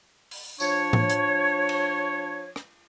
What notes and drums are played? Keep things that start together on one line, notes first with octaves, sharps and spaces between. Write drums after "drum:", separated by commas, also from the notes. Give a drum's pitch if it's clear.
drum: open hi-hat
F3 D4 C#5, drum: tambourine
drum: tom A2
drum: hi-hat
drum: cymbal
drum: rim click